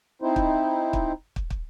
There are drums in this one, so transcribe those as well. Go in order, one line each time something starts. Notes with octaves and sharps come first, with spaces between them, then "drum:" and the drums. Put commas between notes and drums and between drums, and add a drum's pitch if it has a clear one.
C4 D#4 E4 C5
drum: kick
drum: kick
drum: kick
drum: kick